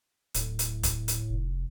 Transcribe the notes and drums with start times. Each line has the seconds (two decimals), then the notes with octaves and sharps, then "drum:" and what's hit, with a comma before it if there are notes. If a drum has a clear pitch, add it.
0.34 D1 A2, drum: hi-hat
0.59 drum: hi-hat
0.83 drum: kick, hi-hat
1.08 drum: hi-hat
1.29 F1